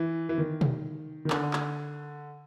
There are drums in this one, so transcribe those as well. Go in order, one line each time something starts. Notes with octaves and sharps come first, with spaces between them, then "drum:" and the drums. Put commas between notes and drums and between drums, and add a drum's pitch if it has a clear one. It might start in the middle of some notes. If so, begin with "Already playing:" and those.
Already playing: E3
E3
D#3
drum: tom B2
D#3
D3, drum: clap
drum: clap